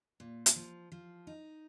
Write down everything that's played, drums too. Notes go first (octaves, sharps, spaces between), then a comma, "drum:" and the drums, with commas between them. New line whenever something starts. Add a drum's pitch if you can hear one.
A#2
drum: hi-hat
F3
F3
D#4